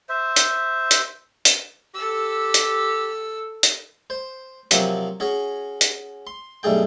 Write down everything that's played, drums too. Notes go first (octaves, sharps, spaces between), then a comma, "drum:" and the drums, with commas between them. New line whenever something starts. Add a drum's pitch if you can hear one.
C5 E5
drum: hi-hat
drum: hi-hat
drum: hi-hat
G4 A4 E6
drum: hi-hat
drum: hi-hat
C5
C3 F3 F#3 A#3 C4, drum: hi-hat
C#4 F#4 G#4
drum: hi-hat
C6
B1 G2 A3 G#4 G5